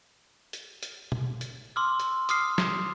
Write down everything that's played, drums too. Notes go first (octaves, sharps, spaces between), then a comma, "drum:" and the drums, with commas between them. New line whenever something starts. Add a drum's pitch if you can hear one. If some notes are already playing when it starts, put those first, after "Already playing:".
drum: hi-hat
drum: hi-hat
drum: tom
drum: hi-hat
C6 D6 E6 F6
drum: hi-hat
D6 D#6 F6 C7, drum: hi-hat
drum: snare